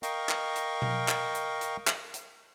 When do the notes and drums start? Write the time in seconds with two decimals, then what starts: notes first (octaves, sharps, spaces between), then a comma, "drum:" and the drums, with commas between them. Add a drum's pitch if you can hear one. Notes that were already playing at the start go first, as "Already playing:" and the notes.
0.03 A#4 D#5 F5 G5 C#6, drum: hi-hat
0.29 drum: clap
0.56 drum: hi-hat
0.82 drum: tom B2
1.08 drum: clap
1.35 drum: hi-hat
1.61 drum: hi-hat
1.87 drum: clap
2.14 drum: hi-hat